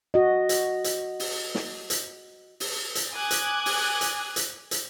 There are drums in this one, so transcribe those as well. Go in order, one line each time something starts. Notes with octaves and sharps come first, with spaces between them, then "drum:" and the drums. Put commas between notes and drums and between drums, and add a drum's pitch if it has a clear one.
F#4 D#5
drum: hi-hat
drum: hi-hat
drum: open hi-hat
drum: snare
drum: hi-hat
drum: open hi-hat
drum: hi-hat
G#5 D6 D#6 F#6 G#6
drum: hi-hat
drum: open hi-hat
drum: hi-hat
drum: hi-hat
drum: hi-hat